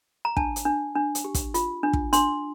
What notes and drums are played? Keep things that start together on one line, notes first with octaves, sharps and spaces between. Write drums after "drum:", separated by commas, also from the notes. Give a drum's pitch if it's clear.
A#5
D4 A5, drum: kick
drum: hi-hat
D4
D4
drum: hi-hat
G4
drum: kick, hi-hat
F4, drum: hi-hat
D4
drum: kick
D4 C6, drum: hi-hat